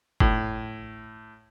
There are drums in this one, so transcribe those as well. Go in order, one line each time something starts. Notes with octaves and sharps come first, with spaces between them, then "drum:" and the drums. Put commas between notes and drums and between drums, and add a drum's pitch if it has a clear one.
A2, drum: kick